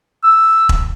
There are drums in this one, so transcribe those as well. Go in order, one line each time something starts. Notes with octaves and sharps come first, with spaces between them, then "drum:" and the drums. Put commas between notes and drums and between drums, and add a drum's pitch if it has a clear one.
E6
drum: kick E1